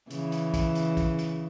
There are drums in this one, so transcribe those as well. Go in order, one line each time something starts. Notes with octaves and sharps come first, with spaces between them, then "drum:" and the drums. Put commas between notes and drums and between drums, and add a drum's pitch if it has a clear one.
C#3 E3, drum: hi-hat
drum: hi-hat
drum: kick A#1, hi-hat
drum: hi-hat
drum: kick A#1, hi-hat
drum: hi-hat